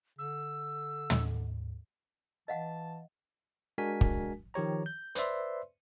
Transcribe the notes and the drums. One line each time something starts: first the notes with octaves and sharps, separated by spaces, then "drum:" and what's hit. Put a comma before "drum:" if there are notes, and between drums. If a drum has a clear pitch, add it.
D3 E6
drum: tom
E3 D#5 F5 F#5 A5
G#3 D4 F#4 A#4 G#5 B6
drum: kick
D#3 F3 G4 C#5 A#5
G6
B4 C5 D5 E5 C6, drum: hi-hat